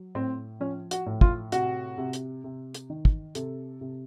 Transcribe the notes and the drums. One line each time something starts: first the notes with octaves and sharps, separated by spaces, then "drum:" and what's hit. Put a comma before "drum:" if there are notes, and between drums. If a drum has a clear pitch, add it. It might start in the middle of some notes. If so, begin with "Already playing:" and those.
Already playing: F#3
A2 C4
F3 C#4
F#4, drum: hi-hat
A2
F4, drum: kick
C3 F#4, drum: hi-hat
C3
drum: hi-hat
C3
drum: hi-hat
D#3
drum: kick
C3 A4, drum: hi-hat
C3